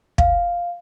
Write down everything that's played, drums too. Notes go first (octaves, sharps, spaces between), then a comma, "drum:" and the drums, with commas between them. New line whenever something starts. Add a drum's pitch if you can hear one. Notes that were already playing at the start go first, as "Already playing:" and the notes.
F5, drum: kick